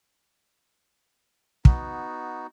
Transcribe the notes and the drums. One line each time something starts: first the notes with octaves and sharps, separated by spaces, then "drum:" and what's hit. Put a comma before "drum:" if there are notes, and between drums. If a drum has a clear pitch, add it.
B3 D#4 F#4, drum: kick